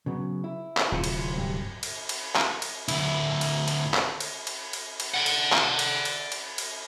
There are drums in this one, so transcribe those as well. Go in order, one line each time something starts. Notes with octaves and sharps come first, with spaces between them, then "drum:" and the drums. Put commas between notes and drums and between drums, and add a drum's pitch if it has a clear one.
C#3 F#3 B3
E4
drum: clap
D1 C3 C4 F4
drum: cymbal
G2
drum: cymbal
drum: cymbal
drum: clap
drum: cymbal
D2 E4, drum: cymbal
drum: cymbal
drum: cymbal
drum: clap
drum: cymbal
drum: cymbal
drum: cymbal
drum: cymbal
D5 F#5
drum: cymbal
drum: clap
drum: cymbal
drum: cymbal
drum: cymbal
drum: cymbal